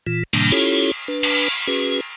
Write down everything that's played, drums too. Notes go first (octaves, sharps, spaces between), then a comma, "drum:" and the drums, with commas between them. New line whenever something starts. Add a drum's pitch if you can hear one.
A#2 E3 F4
A2 C3 D#3 G3 A#3 D4, drum: cymbal
C#4 E4 F4 G4 A4 C#5
D4 B4
drum: cymbal
C#4 F#4 G#4 B4